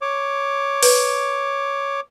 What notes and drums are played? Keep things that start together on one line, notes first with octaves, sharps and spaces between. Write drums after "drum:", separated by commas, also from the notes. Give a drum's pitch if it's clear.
C#5 D6
B4, drum: open hi-hat